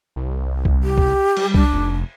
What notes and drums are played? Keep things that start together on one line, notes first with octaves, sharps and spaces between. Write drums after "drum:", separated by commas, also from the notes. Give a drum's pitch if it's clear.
C2
drum: kick C2
G4
drum: kick C2
G3, drum: cymbal
D4, drum: kick C2
F1